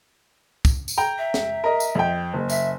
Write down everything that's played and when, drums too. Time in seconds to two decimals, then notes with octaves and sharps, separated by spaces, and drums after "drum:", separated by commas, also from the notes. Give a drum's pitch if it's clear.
0.65 drum: kick, tambourine
0.88 drum: tambourine
0.98 G5 A#5
1.18 E5
1.34 drum: snare
1.64 A#4 D#5
1.80 drum: tambourine
1.95 F2 G5
2.33 F#1
2.50 E5, drum: tambourine